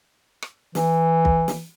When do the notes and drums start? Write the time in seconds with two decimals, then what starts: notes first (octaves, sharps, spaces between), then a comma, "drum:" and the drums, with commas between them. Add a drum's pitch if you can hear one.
0.42 drum: rim click
0.75 E3, drum: snare
1.25 drum: kick
1.48 drum: snare